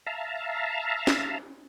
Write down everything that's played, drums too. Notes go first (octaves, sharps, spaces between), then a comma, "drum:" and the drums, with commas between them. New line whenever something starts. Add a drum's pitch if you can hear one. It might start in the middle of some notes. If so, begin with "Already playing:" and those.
E5 F5 A5 A#5
drum: snare